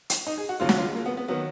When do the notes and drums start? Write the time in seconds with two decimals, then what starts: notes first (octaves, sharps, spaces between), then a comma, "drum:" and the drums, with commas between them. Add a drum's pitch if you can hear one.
0.10 drum: hi-hat
0.27 D#4
0.38 G#4
0.49 F#4
0.60 D#2 C#3 F#3 F4
0.69 F#4, drum: snare
0.78 F4
0.86 G#3
0.95 A#3
1.06 B3
1.17 B3
1.28 D#3 F#3 B3